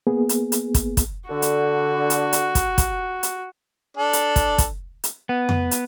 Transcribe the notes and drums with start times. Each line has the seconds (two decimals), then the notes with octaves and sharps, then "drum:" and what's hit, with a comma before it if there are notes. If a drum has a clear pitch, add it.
0.07 A#3 B3 G#4
0.29 drum: hi-hat
0.52 drum: hi-hat
0.74 drum: kick, hi-hat
0.97 drum: kick, hi-hat
1.30 D3 F#4
1.42 drum: hi-hat
2.10 drum: hi-hat
2.33 drum: hi-hat
2.55 drum: kick, hi-hat
2.78 drum: kick, hi-hat
3.23 drum: hi-hat
3.97 D4 A4
4.13 drum: hi-hat
4.36 drum: kick, hi-hat
4.58 drum: kick, hi-hat
5.04 drum: hi-hat
5.29 B3
5.49 drum: tom F2
5.71 drum: hi-hat